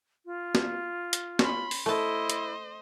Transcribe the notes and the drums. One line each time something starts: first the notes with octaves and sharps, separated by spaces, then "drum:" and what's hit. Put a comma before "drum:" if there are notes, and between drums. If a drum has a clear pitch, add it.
F4
drum: snare
drum: hi-hat
C#4 B5 C6, drum: snare
drum: open hi-hat
A3 E4 C5 D#5 A5
drum: hi-hat